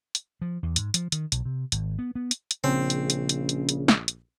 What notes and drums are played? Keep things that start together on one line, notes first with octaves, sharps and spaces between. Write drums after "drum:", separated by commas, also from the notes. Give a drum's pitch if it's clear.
drum: hi-hat
F3
E2
G#2, drum: hi-hat
F3, drum: hi-hat
D#3, drum: hi-hat
B1, drum: hi-hat
C3
G#1, drum: hi-hat
B3
B3
drum: hi-hat
drum: hi-hat
A#1 C#3 C4
drum: hi-hat
drum: hi-hat
drum: hi-hat
drum: hi-hat
drum: hi-hat
drum: snare
drum: hi-hat